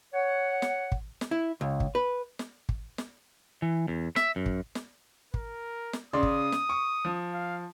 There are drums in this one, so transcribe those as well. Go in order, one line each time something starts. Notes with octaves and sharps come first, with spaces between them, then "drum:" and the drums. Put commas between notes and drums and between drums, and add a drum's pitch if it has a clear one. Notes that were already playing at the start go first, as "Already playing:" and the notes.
C#5 F#5
drum: snare
drum: kick
drum: snare
E4
C#2
drum: kick
B4
drum: snare
drum: kick
drum: snare
E3
E2
E5, drum: snare
F#2
drum: kick
drum: snare
A#4, drum: kick
drum: snare
C#3 D5 C6 D#6
drum: kick
drum: snare
C#6
F3
F5